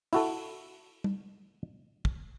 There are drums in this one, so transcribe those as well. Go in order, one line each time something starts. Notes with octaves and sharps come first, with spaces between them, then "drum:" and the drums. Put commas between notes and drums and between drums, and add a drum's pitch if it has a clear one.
E4 F#4 A4, drum: open hi-hat
drum: tom
drum: kick